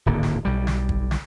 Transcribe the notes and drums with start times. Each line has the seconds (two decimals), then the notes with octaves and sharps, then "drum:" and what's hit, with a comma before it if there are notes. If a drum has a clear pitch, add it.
0.06 D1 G#1 D3 A#3
0.23 drum: snare
0.45 B1 G3
0.67 drum: snare
0.89 drum: kick
1.11 drum: snare